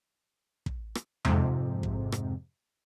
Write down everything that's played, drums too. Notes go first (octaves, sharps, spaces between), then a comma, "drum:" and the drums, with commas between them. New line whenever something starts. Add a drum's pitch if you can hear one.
drum: kick
drum: rim click
F2 G#2 C3, drum: tom E2
drum: kick
drum: rim click